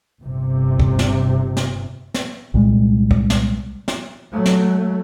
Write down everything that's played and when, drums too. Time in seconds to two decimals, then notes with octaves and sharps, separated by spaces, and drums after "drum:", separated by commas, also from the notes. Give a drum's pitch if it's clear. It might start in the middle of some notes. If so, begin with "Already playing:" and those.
0.22 G1 C3
0.80 drum: kick
0.99 drum: snare
1.57 drum: snare
2.14 drum: snare
2.54 C2 A#2 G3 G#3
3.11 drum: kick
3.30 drum: snare
3.88 drum: snare
4.32 F#3 A3
4.46 drum: snare